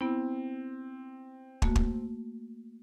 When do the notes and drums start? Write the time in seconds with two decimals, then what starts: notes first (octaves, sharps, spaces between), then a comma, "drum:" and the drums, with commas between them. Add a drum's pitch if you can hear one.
0.01 B3 C4 E4
1.62 A3 A#3 F#4, drum: kick
1.76 drum: kick